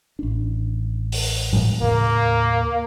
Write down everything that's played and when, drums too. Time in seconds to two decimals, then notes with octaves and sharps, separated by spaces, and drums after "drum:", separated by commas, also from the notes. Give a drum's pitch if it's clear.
0.19 A1 D4
1.12 drum: open hi-hat
1.53 drum: tom A2
1.82 D#2 A2 C#3 A#3